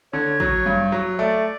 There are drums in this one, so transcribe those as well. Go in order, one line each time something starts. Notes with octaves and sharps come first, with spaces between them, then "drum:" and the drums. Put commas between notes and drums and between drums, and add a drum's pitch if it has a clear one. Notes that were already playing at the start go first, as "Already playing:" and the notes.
D3 C#5
F#3, drum: kick
G2
F#3
A3 D5